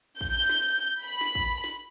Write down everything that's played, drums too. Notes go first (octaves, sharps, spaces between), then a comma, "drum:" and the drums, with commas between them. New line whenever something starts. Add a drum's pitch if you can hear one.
G6, drum: kick
drum: snare
B5
drum: snare
drum: kick
drum: snare